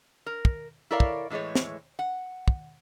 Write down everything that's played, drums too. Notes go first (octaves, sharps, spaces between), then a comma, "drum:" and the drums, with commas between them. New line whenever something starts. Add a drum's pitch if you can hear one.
A#4
drum: kick
E4 A4 A#4 C#5 D5 F5
drum: kick
A2 E3 G#3 A3 C#5
drum: snare
F#5
drum: kick